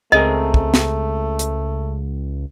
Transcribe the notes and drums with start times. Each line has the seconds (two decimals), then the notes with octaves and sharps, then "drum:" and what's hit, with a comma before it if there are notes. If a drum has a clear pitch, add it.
0.12 C#2 A3 C4 G#4 A#4 D#5
0.54 drum: kick
0.74 drum: snare
1.39 drum: hi-hat